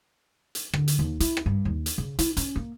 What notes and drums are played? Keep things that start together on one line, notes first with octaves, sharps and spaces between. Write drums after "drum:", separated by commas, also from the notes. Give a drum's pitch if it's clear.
drum: hi-hat
D3, drum: rim click
drum: hi-hat
D#2
E4, drum: hi-hat
drum: rim click
G2
D#2
drum: hi-hat
C#3
E4, drum: hi-hat
C#4, drum: hi-hat
A#3